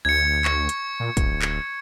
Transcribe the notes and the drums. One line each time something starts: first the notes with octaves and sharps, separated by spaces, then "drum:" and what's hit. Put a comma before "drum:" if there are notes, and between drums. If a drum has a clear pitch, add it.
D2 G#6 C#7
C#6, drum: clap
drum: hi-hat
A#2
D1, drum: kick, hi-hat
drum: clap